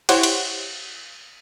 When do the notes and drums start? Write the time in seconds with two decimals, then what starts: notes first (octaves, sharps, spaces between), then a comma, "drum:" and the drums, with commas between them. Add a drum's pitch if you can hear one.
0.09 E4 G4 C5 C#5 F#5, drum: cymbal
0.23 drum: cymbal